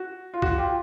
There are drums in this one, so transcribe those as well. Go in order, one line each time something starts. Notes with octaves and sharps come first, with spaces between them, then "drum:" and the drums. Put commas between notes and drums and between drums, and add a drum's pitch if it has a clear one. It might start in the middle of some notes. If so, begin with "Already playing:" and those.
Already playing: F#4
F4
F#4, drum: kick C2
F4 G4